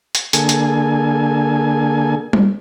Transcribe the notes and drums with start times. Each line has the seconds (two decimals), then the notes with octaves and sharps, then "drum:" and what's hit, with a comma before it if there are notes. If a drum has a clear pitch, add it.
0.15 drum: hi-hat
0.33 D3 A#3 G#4 A4 G#5, drum: hi-hat
0.49 drum: hi-hat
2.33 drum: tom G3